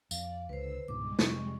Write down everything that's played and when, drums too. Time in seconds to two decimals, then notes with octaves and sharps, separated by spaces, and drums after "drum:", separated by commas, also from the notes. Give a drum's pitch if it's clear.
0.11 F2 D5 F5, drum: tambourine
0.49 C#2 D3 B4 C5 E6
0.88 C#2 G#2 B2 G3 G#3 D6
1.19 F2 C3 C#6, drum: snare